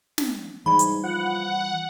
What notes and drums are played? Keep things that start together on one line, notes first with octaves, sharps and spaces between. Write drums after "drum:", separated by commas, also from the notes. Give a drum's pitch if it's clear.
drum: snare
G#2 E3 G3 B5
drum: hi-hat
F3 F#5